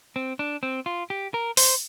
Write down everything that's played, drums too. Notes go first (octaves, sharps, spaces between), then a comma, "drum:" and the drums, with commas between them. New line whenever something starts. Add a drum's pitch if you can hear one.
C4
D4
C4
F4
G4
A#4
C5, drum: open hi-hat